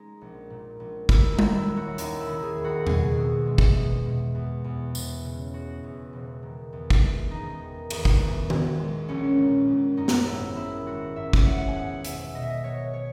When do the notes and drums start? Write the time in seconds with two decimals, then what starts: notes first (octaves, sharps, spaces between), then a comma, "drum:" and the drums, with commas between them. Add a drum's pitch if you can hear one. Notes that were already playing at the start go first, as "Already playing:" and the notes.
Already playing: G#3 D#4
0.21 A#1
0.50 A#2
0.80 A#1
1.09 D#3 E4, drum: kick
1.32 D#4
1.39 D#2, drum: tom G3
1.54 E4
1.68 F#3
1.77 F#4
1.98 D#2 D#4, drum: hi-hat
2.20 E4
2.28 D#3
2.42 G#4
2.58 D#2
2.64 F#4
2.87 B2 G#4, drum: tom E2
3.16 E2
3.46 G#3
3.58 drum: kick
3.76 E2
4.05 B2
4.35 E2
4.64 E2
4.95 E1, drum: tambourine
5.23 C#3
5.53 G#3 F#4
5.83 E2
6.13 E1
6.43 D#3
6.73 E2
6.90 drum: kick
7.01 G#3
7.31 E2 D#4
7.61 D#3
7.90 E2, drum: cymbal
8.05 drum: kick
8.20 A#2
8.50 A#1, drum: tom D#3
8.79 G#3
9.09 A#1 C#4
9.39 A#2
9.67 A#1
9.97 F#2 D#4
10.08 drum: snare
10.27 G#1 E4
10.57 D#3 E4
10.86 G#3 F#4
11.16 F#2 E5
11.33 drum: kick
11.45 G#1 F#5
11.68 G#5
11.75 E2 F#5
12.05 E1 E5, drum: hi-hat
12.35 B2 D#5
12.41 E5
12.50 D#5
12.64 F#3 C#5
12.93 C#5